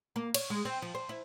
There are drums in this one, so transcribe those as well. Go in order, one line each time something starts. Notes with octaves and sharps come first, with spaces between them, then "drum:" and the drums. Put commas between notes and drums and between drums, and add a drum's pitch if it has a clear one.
A#3
C#5, drum: cymbal
G#3
C4
F3
C5
E4